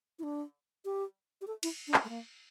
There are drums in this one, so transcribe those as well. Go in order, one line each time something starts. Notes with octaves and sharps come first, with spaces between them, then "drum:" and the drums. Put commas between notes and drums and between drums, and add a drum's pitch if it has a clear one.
E4
D4
G4
G4
A4
E4, drum: cymbal
D4
C#4, drum: clap
A3
A#3